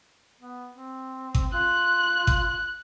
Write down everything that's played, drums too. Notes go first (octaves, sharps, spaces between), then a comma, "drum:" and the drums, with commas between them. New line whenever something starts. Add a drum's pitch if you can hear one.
B3
C4
drum: kick G#1
F4 F#6
drum: kick G#1